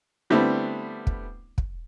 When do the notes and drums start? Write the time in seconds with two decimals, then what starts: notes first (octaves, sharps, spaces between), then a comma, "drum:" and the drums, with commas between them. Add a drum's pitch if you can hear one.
0.30 D3 G3 A3 B3 C4 E4
1.07 drum: kick
1.58 drum: kick